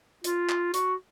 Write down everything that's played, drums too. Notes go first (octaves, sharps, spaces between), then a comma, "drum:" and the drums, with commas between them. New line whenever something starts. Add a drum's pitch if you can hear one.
F4, drum: hi-hat
drum: clap
F#4, drum: hi-hat